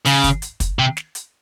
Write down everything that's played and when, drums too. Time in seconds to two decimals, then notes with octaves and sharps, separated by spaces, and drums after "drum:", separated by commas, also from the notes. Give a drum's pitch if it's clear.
0.05 C#3, drum: open hi-hat
0.24 drum: kick, hi-hat
0.42 drum: hi-hat
0.60 drum: kick, hi-hat
0.79 C3
0.97 drum: snare
1.15 drum: hi-hat